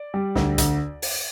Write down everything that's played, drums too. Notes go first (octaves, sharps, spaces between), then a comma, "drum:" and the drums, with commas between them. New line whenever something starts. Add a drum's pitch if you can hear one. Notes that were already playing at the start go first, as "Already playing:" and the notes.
Already playing: D5
G3
D2, drum: snare
D2, drum: hi-hat
drum: open hi-hat